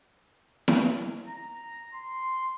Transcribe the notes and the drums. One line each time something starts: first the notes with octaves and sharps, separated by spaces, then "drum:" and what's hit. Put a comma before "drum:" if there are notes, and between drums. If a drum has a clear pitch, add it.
drum: snare E4
A#5
C6